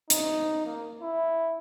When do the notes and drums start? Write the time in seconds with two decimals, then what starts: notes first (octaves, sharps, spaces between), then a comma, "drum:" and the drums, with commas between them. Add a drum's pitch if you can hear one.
0.10 D#4, drum: hi-hat
0.66 A#3
1.02 E4